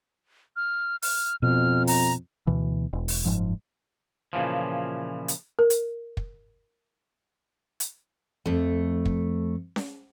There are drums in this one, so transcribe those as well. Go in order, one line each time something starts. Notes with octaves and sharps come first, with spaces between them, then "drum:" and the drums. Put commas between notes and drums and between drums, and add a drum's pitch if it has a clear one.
F6
F6, drum: open hi-hat
F2 B2 F6
A#5, drum: open hi-hat
D2 B2 E3
E1
drum: open hi-hat
F#1 G#2 F3
A#2 C#3 E3 F3
drum: hi-hat
A#4
drum: hi-hat
drum: kick
drum: hi-hat
F2 A3
drum: kick
drum: snare C#4